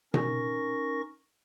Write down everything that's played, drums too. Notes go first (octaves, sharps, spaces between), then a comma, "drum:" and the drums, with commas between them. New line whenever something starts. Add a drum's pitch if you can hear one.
C#4 D#4 A#4 C#6 A#6, drum: tom B2